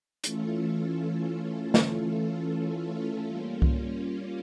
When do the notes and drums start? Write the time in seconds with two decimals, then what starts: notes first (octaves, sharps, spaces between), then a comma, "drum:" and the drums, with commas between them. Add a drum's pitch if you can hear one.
0.24 E3 A3 C#4 F4 A4, drum: hi-hat
1.74 drum: snare
3.26 G3 A#3 C#4 F4
3.62 drum: kick C2